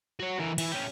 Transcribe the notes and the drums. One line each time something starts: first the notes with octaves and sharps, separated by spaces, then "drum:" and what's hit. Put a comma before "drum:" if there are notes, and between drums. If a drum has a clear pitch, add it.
F#4 C#5
E3 A#4
E3, drum: cymbal
C#4 G4